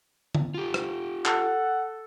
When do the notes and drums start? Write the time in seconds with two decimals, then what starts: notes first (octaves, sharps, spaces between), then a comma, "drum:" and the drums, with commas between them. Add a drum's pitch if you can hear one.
0.35 drum: tom
0.54 F4 G4
0.74 drum: rim click
1.25 A4 F#5, drum: clap